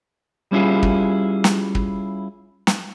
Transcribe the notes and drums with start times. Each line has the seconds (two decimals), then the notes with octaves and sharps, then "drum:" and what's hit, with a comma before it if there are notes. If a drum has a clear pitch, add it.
0.52 G3 C#4 E4 F4 G#4
0.83 drum: kick
1.44 drum: snare
1.75 drum: kick
2.67 drum: snare